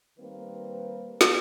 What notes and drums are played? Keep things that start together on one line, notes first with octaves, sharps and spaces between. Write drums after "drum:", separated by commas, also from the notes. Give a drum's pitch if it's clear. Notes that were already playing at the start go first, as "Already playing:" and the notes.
D#3 G3 A#3 C4 B4
drum: snare